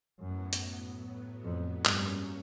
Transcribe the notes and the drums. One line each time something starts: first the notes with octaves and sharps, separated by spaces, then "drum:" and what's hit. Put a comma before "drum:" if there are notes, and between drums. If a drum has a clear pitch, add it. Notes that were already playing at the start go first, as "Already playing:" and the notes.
F#2 A2 F#3 B3
drum: hi-hat
F2
G2 F#3 A#3 C#4, drum: clap